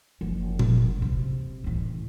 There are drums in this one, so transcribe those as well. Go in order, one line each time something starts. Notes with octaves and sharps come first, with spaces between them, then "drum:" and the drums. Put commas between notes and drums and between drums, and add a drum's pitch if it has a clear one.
F#1 F3
drum: tom A#2
C3
A2 E3